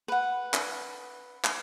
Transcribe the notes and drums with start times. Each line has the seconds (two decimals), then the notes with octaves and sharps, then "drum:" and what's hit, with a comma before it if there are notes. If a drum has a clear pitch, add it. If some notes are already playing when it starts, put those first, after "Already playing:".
0.08 B4 F#5
0.54 drum: clap
1.44 drum: clap